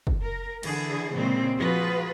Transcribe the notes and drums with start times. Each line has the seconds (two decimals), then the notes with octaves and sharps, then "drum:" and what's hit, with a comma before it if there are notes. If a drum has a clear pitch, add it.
0.07 drum: kick
0.22 A#4
0.63 D3 E3 G#4, drum: cymbal
1.14 A#2 C#3 E3 G#3 C4
1.56 F3 F4 F#4 G#4 B4